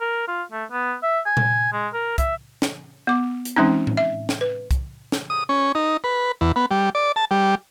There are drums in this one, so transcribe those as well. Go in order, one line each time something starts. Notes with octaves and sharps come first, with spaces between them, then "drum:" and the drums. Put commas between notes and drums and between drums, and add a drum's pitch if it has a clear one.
A#4
F4
A3
B3
E5
G#5
drum: tom A#2
G#3
A#4
E5, drum: kick, hi-hat
drum: snare
B3 D6
drum: hi-hat
E3 G#3 C4 C#4 D#4
drum: tom A2
E5
drum: snare
B4
drum: kick, hi-hat
drum: snare
D#6
C#4
D#4
B4
E2
B3
G3
D5
A5
G3